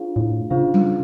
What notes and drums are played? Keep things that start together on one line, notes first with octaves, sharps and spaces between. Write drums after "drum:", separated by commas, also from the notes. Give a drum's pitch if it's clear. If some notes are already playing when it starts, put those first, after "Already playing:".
Already playing: D4 F4 G#4 C5 F5
A2
C#3 D4 F4 G#4 C5 F5
drum: tom G3